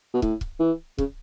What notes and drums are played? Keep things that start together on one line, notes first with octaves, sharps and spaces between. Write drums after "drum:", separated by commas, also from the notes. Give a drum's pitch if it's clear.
B2
A2, drum: kick
drum: kick
E3
C#3, drum: kick